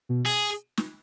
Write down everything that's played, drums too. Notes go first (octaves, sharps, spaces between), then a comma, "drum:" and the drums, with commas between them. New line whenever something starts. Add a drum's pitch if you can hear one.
B2
G#4, drum: open hi-hat
drum: snare